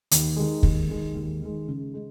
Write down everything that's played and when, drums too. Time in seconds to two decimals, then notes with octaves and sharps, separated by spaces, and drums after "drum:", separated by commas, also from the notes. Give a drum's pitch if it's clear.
0.11 D#2, drum: hi-hat
0.37 D#3 G#3
0.63 D#2, drum: kick
0.89 D#3 G#3
1.15 D#2
1.41 D#3 G#3
1.68 C#3
1.94 G#3